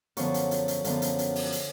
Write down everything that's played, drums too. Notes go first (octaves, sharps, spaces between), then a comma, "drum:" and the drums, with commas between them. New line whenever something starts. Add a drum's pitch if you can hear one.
F#2 D3 F3 B3 C#6, drum: hi-hat
drum: hi-hat
drum: hi-hat
drum: hi-hat
F#2 D3 F3 B3, drum: hi-hat
drum: hi-hat
drum: hi-hat
drum: open hi-hat
drum: hi-hat